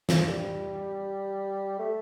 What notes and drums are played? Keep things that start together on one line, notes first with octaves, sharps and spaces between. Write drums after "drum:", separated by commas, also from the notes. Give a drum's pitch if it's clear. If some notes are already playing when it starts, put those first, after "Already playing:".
F3, drum: snare
G3
A3